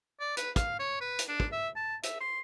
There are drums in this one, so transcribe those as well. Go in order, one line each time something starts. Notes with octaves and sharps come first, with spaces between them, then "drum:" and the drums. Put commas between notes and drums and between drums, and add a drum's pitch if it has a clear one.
D5
B4, drum: hi-hat
F5, drum: kick, hi-hat
C#5
B4
drum: hi-hat
D4
drum: kick
E5
A5
E5, drum: hi-hat
C6